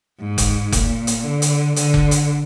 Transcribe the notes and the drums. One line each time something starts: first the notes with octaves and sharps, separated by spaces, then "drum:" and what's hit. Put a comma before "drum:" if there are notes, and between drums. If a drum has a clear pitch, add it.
G#2
drum: kick F1, hi-hat
A#2, drum: kick F1, hi-hat
drum: hi-hat
D3
drum: hi-hat
D3, drum: hi-hat
drum: kick F1
drum: hi-hat